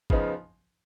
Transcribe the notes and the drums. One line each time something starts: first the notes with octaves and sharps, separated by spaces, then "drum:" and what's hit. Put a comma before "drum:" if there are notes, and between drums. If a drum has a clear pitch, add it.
C#3 F3 B3 D#4, drum: kick